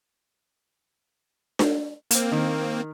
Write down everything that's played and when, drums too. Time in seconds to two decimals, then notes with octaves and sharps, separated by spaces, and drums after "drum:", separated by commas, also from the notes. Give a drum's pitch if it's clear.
1.59 drum: snare D4
2.11 A#3 C4, drum: hi-hat
2.32 D#3